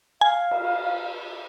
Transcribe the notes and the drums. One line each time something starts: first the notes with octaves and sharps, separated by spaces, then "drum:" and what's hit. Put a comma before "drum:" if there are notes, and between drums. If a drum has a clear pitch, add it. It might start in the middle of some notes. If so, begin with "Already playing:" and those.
F5 G#5
drum: cymbal